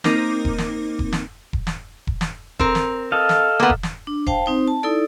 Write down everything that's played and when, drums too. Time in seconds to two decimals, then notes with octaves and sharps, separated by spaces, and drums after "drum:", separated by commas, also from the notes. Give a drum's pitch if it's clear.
0.04 A#3 C4 D#4 A#4 D6, drum: snare
0.45 drum: kick E1
0.58 drum: snare
0.99 drum: kick E1
1.13 drum: snare
1.53 drum: kick E1
1.67 drum: snare
2.07 drum: kick E1
2.21 drum: snare
2.59 C4 A#4, drum: kick E1
2.75 drum: snare
3.12 A4 D#5 F5
3.29 drum: snare
3.60 A#3 B3
3.70 drum: kick E1
3.83 drum: snare
4.07 D4
4.27 C5 F5 G5 A5, drum: kick E1
4.46 C4 D#4 C5
4.68 A5
4.83 D#4 E4 A4 D5